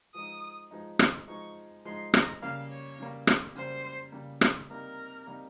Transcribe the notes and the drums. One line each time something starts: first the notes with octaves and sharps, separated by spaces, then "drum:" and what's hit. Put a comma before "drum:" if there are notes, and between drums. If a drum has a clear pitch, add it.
F3 G#3 D#4 D#6
F3 G#3 D#4
drum: rim click
F3 G#3 D#4 C#6
F3 G#3 D#4 C6
A#5, drum: rim click
C#3 G3 A#3 F5
C#5
C#3 G3 A#3
drum: rim click
C#3 G3 A#3 C5
C#3 G3 A#3
drum: rim click
C3 G3 A#3 D#4 A#4
C3 G3 A#3 D#4